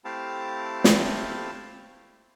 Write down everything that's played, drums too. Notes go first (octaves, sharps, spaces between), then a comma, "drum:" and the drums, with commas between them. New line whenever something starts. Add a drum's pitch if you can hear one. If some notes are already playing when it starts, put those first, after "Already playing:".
A3 C4 E4 G4 F5 A5
drum: snare